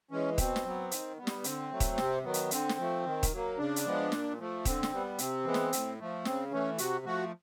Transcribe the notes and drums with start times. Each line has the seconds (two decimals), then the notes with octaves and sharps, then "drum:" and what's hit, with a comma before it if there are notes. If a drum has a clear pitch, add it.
0.11 E3 G#3 C#4
0.38 B2 C4, drum: kick D#1, hi-hat
0.56 drum: snare
0.65 F#3 B3
0.91 D#3, drum: hi-hat
1.18 G3 B3
1.27 drum: snare
1.44 D3 C4, drum: hi-hat
1.71 F#3 A3
1.80 drum: kick D#1, hi-hat
1.98 C3, drum: snare
2.24 D#3 F#3 B3
2.34 drum: hi-hat
2.51 D3 C4, drum: hi-hat
2.69 drum: snare
2.79 F3 A3
3.05 D#3
3.23 drum: kick D#1, hi-hat
3.32 F#3 A#3
3.58 C#3 D4
3.76 drum: hi-hat
3.86 F3 G#3 B3
4.12 A#2, drum: snare
4.39 F3 A3
4.65 D3 C4, drum: kick D#1, hi-hat
4.83 drum: snare
4.92 G3 B3
5.18 C3 C4, drum: hi-hat
5.45 E3 G#3 B3
5.54 drum: snare
5.73 A2, drum: hi-hat
5.99 F3 A3
6.25 C#3 C4, drum: snare
6.51 E3 A3 C#4
6.78 C3 F#4, drum: hi-hat
7.06 F3 A3 F#4